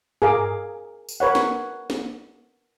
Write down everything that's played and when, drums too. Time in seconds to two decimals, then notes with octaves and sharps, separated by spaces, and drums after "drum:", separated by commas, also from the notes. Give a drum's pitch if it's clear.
0.22 G#4 A#4 F5 D6, drum: tom G2
1.09 drum: tambourine
1.20 A#4 B4 C#5 F#5
1.35 drum: snare
1.90 drum: snare